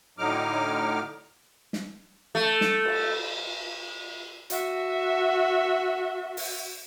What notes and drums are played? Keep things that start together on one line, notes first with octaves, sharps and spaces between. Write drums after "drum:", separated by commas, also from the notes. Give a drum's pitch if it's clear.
A2 D3 F#3 D#4 D6 F6
drum: snare
A3
drum: snare
drum: cymbal
F#4 E5, drum: hi-hat
drum: open hi-hat